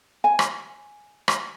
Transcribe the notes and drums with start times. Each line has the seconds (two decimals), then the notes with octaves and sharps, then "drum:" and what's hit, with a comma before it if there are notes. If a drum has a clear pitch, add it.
0.24 G#5
0.39 drum: rim click
1.28 drum: rim click